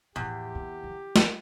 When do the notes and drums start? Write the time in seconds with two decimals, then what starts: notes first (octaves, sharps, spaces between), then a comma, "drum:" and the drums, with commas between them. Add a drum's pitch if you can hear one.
0.16 E2 A2 F3 G4
0.55 B3
0.84 F3
1.16 drum: snare